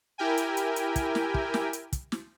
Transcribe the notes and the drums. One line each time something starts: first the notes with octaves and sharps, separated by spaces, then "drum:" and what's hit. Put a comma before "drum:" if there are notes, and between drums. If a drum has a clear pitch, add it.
E4 G4 A#4 G5 G#5
drum: hi-hat
drum: hi-hat
drum: hi-hat
drum: kick, hi-hat
drum: snare
drum: kick
drum: snare
drum: hi-hat
drum: kick, hi-hat
drum: snare